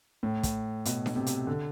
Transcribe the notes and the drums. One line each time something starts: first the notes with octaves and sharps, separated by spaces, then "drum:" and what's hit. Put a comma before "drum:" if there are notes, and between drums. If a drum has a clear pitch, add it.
A2
drum: kick, hi-hat
B2, drum: hi-hat
drum: snare D4
C3
drum: hi-hat
D3